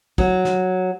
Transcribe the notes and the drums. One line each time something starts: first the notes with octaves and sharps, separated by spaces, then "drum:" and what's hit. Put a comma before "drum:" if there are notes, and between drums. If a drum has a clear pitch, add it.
F#3, drum: kick
drum: snare